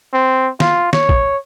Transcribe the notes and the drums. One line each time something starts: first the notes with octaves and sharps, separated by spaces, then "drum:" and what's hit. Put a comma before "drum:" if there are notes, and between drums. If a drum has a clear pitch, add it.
C4
F4, drum: snare
C#5, drum: snare
drum: kick A#1